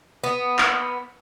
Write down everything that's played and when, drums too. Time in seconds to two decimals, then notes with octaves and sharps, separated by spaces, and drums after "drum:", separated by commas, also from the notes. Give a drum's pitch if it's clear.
0.24 B3
0.59 drum: clap